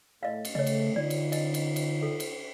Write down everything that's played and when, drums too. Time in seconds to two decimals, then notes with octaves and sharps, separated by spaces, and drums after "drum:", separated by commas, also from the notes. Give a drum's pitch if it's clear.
0.23 A2 D#5 F5
0.45 drum: cymbal
0.55 C#3 A3 C#5 D#5
0.67 drum: cymbal
0.96 D3 D#4 F4 C#5 D5
1.10 drum: cymbal
1.32 D#5, drum: cymbal
1.54 drum: cymbal
1.76 drum: cymbal
2.02 A4
2.20 drum: cymbal